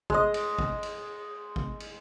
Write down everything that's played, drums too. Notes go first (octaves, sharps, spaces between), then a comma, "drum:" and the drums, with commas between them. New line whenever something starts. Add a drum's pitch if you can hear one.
G#3 D#5, drum: kick G#1
drum: cymbal
drum: kick G#1
drum: cymbal
drum: kick G#1
drum: cymbal